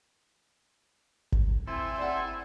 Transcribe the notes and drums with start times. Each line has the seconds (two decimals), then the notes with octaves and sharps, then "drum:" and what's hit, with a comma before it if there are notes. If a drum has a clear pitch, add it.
1.32 drum: kick G1
1.67 C4 E4 A4 G#5
1.98 D5 F#5